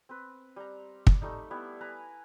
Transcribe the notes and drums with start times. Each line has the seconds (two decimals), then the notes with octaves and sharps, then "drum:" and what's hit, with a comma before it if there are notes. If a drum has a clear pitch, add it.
0.09 C4 B4
0.56 G3 A#5
1.07 drum: kick
1.22 G3 A3 D#4
1.51 G3 B3 E4
1.81 B4 G#5 A#5 B5